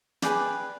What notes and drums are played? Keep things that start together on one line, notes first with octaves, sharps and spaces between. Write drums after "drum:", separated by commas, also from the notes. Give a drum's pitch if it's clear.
G#4 B4 D5 G5, drum: snare